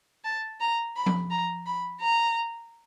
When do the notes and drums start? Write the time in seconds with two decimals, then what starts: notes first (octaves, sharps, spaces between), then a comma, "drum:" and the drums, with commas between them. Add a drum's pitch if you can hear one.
0.24 A5
0.60 A#5
0.96 B5
1.06 drum: tom F3
1.31 A#5
1.66 B5
2.01 A#5